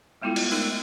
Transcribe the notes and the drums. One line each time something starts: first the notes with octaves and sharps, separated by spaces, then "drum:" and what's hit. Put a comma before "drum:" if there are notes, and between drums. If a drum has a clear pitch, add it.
G3 G#3 B3 E4 F4 A4
drum: cymbal
G#3 A3 D#4 A#4, drum: open hi-hat